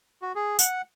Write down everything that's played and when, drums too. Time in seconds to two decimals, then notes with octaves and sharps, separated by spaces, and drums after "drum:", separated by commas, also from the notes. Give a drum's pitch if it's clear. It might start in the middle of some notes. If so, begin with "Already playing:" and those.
0.22 F#4
0.35 G#4
0.59 F#5, drum: tambourine